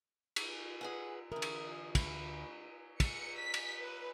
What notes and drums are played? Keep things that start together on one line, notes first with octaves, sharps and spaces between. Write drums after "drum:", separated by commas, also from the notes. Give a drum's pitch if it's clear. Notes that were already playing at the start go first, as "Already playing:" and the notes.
drum: cymbal
G#4 B4 F#5 G#5
D3 E3 A#4 D#6
drum: cymbal
D2 B5, drum: kick, cymbal
C#7, drum: kick, cymbal
B6
drum: cymbal
B4